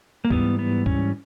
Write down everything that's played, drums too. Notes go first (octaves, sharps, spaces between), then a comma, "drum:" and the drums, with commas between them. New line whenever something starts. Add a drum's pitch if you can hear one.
A#3
G#2 E3 G3 B3, drum: kick C#2
B3
C#4, drum: kick C#2